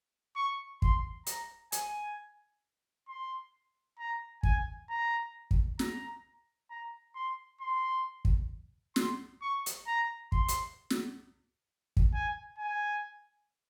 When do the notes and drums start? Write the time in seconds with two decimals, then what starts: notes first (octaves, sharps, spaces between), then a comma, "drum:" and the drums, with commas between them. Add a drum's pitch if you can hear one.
0.36 C#6
0.82 C6, drum: kick
1.26 A#5, drum: hi-hat
1.72 G#5, drum: hi-hat
3.08 C6
3.99 A#5
4.43 G#5, drum: kick
4.90 A#5
5.51 drum: kick
5.79 A#5, drum: snare
6.71 A#5
7.15 C6
7.61 C6
8.25 drum: kick
8.96 C6, drum: snare
9.42 C#6
9.66 drum: hi-hat
9.87 A#5
10.32 C6, drum: kick
10.48 drum: hi-hat
10.90 drum: snare
11.97 drum: kick
12.14 G#5
12.58 G#5